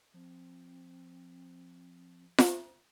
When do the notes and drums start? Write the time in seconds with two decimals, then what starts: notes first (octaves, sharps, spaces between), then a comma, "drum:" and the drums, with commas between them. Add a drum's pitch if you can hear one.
0.14 F3 C4
2.38 drum: snare F4